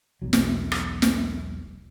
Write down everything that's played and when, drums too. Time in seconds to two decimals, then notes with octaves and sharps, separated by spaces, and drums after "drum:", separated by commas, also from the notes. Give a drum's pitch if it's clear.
0.22 E1 B1 F#3
0.33 drum: snare
0.72 drum: rim click
1.02 drum: snare